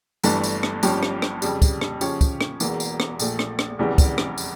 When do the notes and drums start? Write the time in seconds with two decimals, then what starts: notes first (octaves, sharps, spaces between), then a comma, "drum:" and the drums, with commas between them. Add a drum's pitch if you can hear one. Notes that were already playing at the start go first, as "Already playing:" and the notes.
0.24 G1 G2 E3 A3 D4, drum: tambourine
0.43 drum: tambourine
0.63 drum: rim click
0.83 G1 G2 F3 C#4 G4, drum: tambourine
1.03 drum: rim click
1.22 drum: rim click
1.42 F2 C#3 G3, drum: tambourine
1.62 drum: kick, tambourine
1.81 drum: rim click
2.01 C#3 F3 C#4 G4 C#5, drum: tambourine
2.21 drum: kick, tambourine
2.41 drum: rim click
2.60 E1 E2 E3 A#3, drum: tambourine
2.80 drum: tambourine
3.00 drum: rim click
3.19 A#1 A#2 A3, drum: tambourine
3.39 drum: rim click
3.59 drum: rim click
3.79 F1 E2 C#3 E3 G3
3.98 drum: kick, tambourine
4.18 drum: rim click
4.38 drum: tambourine